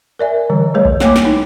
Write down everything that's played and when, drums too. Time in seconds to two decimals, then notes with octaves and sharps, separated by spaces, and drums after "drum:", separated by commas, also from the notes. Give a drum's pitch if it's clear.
0.19 A#4 D5 E5 G#5
0.50 D3 E3 G3
0.74 G3 A3 G#4 B4 C#5 D#5
0.85 drum: kick B1
1.00 A3 A#3 C#5 G5 G#5 D6, drum: snare
1.16 drum: snare
1.25 D#4 E4